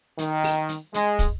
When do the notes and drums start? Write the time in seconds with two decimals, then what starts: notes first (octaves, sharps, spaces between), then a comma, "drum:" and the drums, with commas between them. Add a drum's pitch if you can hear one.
0.19 D#3, drum: hi-hat
0.44 drum: open hi-hat
0.69 drum: hi-hat
0.94 G#3, drum: hi-hat
1.19 drum: kick, hi-hat